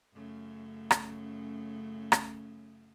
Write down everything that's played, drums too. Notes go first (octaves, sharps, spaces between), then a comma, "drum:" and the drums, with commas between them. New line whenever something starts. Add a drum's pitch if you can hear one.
F#2 C#3 A3
drum: rim click
drum: rim click